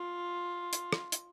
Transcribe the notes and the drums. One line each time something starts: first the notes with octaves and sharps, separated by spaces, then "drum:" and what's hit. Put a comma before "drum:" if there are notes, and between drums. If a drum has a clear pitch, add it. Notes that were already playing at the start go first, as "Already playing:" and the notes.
Already playing: F4
drum: hi-hat
drum: rim click
drum: hi-hat